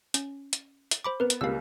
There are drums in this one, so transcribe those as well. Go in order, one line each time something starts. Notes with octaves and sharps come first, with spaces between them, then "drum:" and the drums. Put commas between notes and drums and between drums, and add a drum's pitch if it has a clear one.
C#4, drum: hi-hat
drum: hi-hat
drum: hi-hat
C5 B5 D6
B3 A#4 B4
drum: hi-hat
C#2 G3 A#3 F5 E6